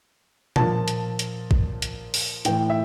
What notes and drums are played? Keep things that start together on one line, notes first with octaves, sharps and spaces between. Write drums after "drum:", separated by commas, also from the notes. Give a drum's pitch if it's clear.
A#2 F3 A5, drum: tom B2
drum: hi-hat
drum: hi-hat
drum: kick A1
drum: hi-hat
drum: open hi-hat
A2 E3 G5, drum: hi-hat
E5